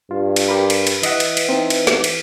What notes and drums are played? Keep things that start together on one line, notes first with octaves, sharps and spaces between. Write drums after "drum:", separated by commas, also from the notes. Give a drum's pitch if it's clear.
G2 F4
drum: cymbal
G4 A#4 B5
drum: cymbal
drum: cymbal
E3 D#5 E5 F#5, drum: cymbal
drum: cymbal
drum: cymbal
C4 D#4
drum: cymbal
drum: snare
drum: cymbal